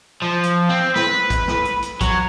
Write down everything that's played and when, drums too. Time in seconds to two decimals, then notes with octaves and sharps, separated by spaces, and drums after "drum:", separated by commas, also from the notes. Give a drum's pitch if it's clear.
0.22 F3
0.43 drum: hi-hat
0.69 C4
0.96 B4, drum: snare
1.30 drum: kick, hi-hat
1.48 drum: snare
1.65 drum: hi-hat
1.82 drum: hi-hat
2.01 F#3, drum: kick, hi-hat